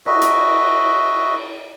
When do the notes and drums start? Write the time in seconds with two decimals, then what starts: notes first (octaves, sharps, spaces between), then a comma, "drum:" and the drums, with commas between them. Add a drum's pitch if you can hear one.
0.06 F#4 B4 D#5 E5, drum: cymbal
0.22 drum: hi-hat